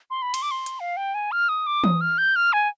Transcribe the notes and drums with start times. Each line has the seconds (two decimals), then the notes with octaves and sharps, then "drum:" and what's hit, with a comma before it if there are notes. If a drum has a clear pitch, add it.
0.10 C6
0.22 B5
0.34 C6, drum: cymbal
0.42 D6
0.51 C6
0.66 drum: hi-hat
0.80 F5
0.97 G5
1.15 G#5
1.32 F6
1.49 D#6
1.66 D6
1.84 D#6, drum: tom E3
2.01 F6
2.18 G6
2.36 F6
2.53 G#5